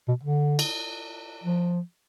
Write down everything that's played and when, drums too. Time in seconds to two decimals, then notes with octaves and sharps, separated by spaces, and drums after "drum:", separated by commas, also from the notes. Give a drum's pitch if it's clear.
0.08 B2
0.24 D3
0.59 drum: cymbal
1.44 F3